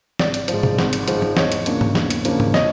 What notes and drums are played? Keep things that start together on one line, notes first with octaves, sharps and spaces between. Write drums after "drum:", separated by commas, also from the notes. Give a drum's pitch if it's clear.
G#1 D5, drum: snare
drum: hi-hat
F3, drum: hi-hat
G#2
drum: tom B2
G#1, drum: snare
drum: hi-hat
G#2 F3, drum: hi-hat
drum: tom
E2 C#5 D#5, drum: snare
drum: hi-hat
C#3 F3 A#3 D4, drum: hi-hat
drum: tom G#2
E2, drum: snare
drum: hi-hat
C#3 F3 A#3 D4, drum: hi-hat
drum: tom G#2
C#5 D#5, drum: snare